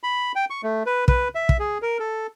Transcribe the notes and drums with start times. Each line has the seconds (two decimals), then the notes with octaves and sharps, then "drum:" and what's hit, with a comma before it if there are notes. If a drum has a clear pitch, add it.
0.03 B5
0.35 G5
0.50 C#6
0.63 A3
0.86 B4
1.08 B4, drum: kick
1.35 E5
1.49 drum: kick
1.60 G#4
1.82 A#4
2.00 A4